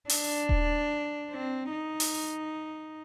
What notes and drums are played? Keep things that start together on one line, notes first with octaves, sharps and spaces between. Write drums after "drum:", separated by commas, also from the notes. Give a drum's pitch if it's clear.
D4, drum: open hi-hat
drum: kick D#1
C4
D#4
drum: open hi-hat